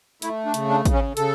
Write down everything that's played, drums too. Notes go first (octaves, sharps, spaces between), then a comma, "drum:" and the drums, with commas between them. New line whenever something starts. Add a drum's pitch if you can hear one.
A3 E4, drum: hi-hat
D4
C#3, drum: hi-hat
D4
C#3, drum: kick, hi-hat
C#4
C#3 A4, drum: hi-hat